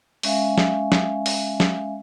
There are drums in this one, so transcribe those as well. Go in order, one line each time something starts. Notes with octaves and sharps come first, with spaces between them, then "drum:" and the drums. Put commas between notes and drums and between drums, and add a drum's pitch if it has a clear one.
G#3 C#4 E5 F5 G#5, drum: open hi-hat
drum: snare
drum: snare
drum: open hi-hat
drum: snare